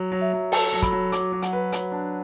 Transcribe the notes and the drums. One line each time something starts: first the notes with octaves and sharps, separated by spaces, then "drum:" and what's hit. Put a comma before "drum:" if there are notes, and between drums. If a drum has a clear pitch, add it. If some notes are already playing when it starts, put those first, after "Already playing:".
Already playing: F#3
F#3
E5
F#3
A4 A5, drum: open hi-hat
F#3
B5, drum: kick, hi-hat
F#3
F#3 D6, drum: hi-hat
F#3
F#5, drum: hi-hat
B4
F#3, drum: hi-hat
D4